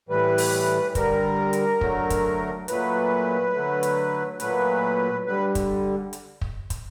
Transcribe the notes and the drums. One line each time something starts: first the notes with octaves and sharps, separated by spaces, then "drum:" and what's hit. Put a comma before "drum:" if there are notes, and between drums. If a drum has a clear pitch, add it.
A2 E3 G3 B4
drum: open hi-hat
D3 G3 A#4, drum: kick, hi-hat
drum: hi-hat
D3 F#3 A3, drum: kick
drum: kick, hi-hat
A#2 F#3 A3 B4, drum: hi-hat
D3 F#3 A3
drum: hi-hat
A#2 F#3 A3 B4, drum: hi-hat
D3 G3 B4
drum: kick, hi-hat
drum: hi-hat
drum: kick
drum: kick, hi-hat